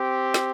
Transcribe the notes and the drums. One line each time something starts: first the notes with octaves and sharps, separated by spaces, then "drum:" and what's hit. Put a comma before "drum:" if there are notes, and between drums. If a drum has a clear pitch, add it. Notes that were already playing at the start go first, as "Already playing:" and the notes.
Already playing: C4 G4
drum: snare